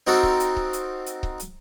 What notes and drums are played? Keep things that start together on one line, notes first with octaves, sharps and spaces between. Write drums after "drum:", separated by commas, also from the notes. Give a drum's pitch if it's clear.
C4 D#4 F#4 A4 A#4
drum: kick C#1
drum: hi-hat
drum: kick C#1
drum: hi-hat
drum: hi-hat
drum: kick C#1
drum: hi-hat